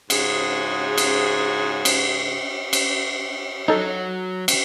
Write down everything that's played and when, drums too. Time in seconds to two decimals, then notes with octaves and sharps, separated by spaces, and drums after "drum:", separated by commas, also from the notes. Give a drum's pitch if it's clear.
0.10 G#2 C#3 F#4 G#4, drum: cymbal
0.98 drum: cymbal
1.85 drum: cymbal
2.73 drum: cymbal
3.68 F#3 D#4 A4 C#5
4.48 drum: cymbal